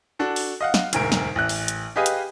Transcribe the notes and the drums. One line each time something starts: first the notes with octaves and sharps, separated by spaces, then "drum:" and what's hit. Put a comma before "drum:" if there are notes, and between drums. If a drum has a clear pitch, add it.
D4 F#4 A4
drum: open hi-hat
D#5 F5 F#5
drum: snare
E1 D2 G#2 A#4 D7, drum: hi-hat
drum: snare
A1 F#6
drum: open hi-hat
drum: hi-hat
G4 G#4 B4 D#5 F5 G#5
drum: hi-hat